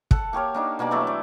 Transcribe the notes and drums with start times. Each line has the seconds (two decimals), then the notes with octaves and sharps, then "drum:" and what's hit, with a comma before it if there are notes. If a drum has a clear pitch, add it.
0.11 A4 F#5, drum: kick
0.33 A#3 G4 C#5 F5
0.54 A#3 D4 D#4
0.79 B2 A#3 G4 D5
0.91 E3 F#3 A3
1.07 D5